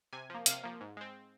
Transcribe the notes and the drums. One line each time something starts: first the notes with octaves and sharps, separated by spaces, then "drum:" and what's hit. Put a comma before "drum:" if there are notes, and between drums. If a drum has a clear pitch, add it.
C3 G#5
F3 A#3
C3 F5, drum: hi-hat
F3 A#3
G#2
G#3 C4